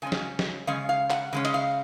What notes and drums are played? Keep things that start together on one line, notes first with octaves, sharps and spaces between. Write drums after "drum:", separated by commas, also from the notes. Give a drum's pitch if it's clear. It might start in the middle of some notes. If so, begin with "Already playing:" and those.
C#3 G#3 C#4 G#5
drum: snare
drum: snare
C#3 G#3 C#4 F5
F5
F#5, drum: clap
C#3 G#3 C#4
D#5, drum: cymbal
F5